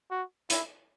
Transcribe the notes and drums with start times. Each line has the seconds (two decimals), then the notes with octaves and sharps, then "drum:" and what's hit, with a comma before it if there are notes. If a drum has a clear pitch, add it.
0.11 F#4
0.50 E4, drum: hi-hat